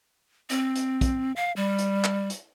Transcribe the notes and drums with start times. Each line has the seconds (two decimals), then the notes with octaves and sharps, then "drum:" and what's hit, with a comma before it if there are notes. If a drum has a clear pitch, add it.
0.50 C4, drum: hi-hat
0.76 drum: hi-hat
1.01 drum: kick, hi-hat
1.36 F5
1.56 G3
1.78 drum: hi-hat
2.04 drum: clap
2.30 drum: hi-hat